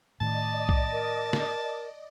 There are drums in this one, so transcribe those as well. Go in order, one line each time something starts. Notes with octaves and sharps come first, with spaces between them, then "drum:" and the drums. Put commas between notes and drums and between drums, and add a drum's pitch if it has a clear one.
A2 D#3 D5 D#5 A5
drum: kick B1
A#4
drum: snare